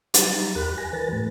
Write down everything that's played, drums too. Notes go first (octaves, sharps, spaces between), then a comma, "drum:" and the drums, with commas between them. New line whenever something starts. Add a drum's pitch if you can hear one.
F#3 G3 D#4 G4 A6, drum: hi-hat
A#5
E2 G4 A#4 B5 F#6
G#5 A#6
E3 A#4 B4 A6
A2 A3